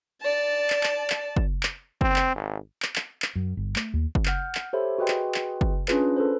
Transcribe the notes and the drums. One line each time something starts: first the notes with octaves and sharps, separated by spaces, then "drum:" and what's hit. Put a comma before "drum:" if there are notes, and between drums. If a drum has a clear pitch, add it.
D5 A5
drum: clap
drum: clap
drum: clap
drum: kick
drum: clap
C4, drum: kick
drum: clap
G#1
drum: clap
drum: clap
drum: clap
F#2
G1
A3, drum: clap
D#2
drum: kick
F#5 F6 G6, drum: clap
drum: clap
G4 A4 C5 C#5 E5 B5
F#4 G#4 B4 D#5 G5 C6
drum: clap
drum: clap
drum: kick
C#4 D4 F4 G#4 B4, drum: clap
A4 B4 C5